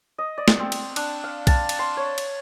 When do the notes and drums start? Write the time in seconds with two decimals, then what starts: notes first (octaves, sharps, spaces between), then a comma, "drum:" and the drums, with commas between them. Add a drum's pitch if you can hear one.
0.18 D#5
0.38 D5
0.48 drum: snare
0.60 C4
0.72 drum: cymbal
0.96 D4, drum: cymbal
1.24 F5
1.47 A5, drum: kick B1, cymbal
1.69 drum: cymbal
1.79 C6
1.97 C#5
2.18 drum: cymbal